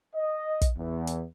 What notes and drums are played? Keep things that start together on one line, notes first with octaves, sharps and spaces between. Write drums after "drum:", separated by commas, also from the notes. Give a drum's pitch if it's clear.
D#5
drum: kick, hi-hat
E2
drum: hi-hat